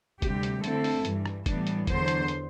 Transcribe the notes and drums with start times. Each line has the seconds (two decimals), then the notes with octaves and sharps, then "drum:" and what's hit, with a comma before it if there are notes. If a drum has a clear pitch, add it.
0.22 D2 C3 G3 G4, drum: kick, hi-hat
0.43 drum: hi-hat
0.64 D3 A3 C4 E4 A4, drum: hi-hat
0.84 drum: open hi-hat
1.05 G2 E3 G3, drum: hi-hat
1.26 drum: rim click
1.46 A2 E3 G3 B3 D4, drum: kick, hi-hat
1.67 drum: hi-hat
1.87 E2 D3 F#3 C5, drum: kick, hi-hat
2.08 drum: hi-hat
2.28 drum: hi-hat